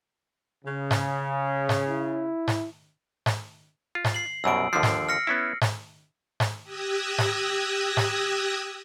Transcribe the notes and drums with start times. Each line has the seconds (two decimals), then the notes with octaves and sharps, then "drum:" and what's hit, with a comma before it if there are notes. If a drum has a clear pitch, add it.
0.65 C#3
0.91 drum: snare G#2
1.69 drum: snare G#2
1.88 E4
2.48 drum: snare G#2
3.26 drum: snare G#2
3.95 F4
4.05 drum: snare G#2
4.14 C7 F#7
4.44 C2 F#2 B2 E6 D7
4.73 D#2 D3 F3 C7
4.83 drum: snare G#2
5.09 F6 A#6 C#7
5.27 B3 C#4 E4
5.62 drum: snare G#2
6.40 drum: snare G#2
6.63 G4 D#6 E6 F#6 G#6 A#6
7.19 drum: snare G#2
7.97 drum: snare G#2